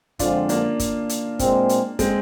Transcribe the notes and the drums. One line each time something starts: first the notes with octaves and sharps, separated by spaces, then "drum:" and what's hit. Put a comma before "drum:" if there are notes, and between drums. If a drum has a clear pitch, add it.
F2 D3 F3 G#3 C4 D4 F4, drum: kick, hi-hat
A#3 D4, drum: hi-hat
drum: kick, hi-hat
drum: hi-hat
A#2 G#3 C4, drum: kick, hi-hat
drum: hi-hat
G#3 C4, drum: kick, hi-hat